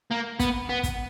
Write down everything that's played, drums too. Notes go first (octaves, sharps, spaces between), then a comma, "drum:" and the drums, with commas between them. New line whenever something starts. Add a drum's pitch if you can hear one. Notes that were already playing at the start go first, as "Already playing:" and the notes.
A#3
B3, drum: kick, hi-hat
B3
drum: kick, hi-hat